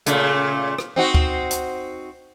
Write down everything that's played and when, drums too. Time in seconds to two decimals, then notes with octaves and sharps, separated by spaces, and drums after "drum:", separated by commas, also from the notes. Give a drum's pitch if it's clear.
0.06 A#2 C#3 A3, drum: hi-hat
0.78 drum: rim click
0.96 C4 D#4 F#4
1.15 drum: kick
1.51 drum: hi-hat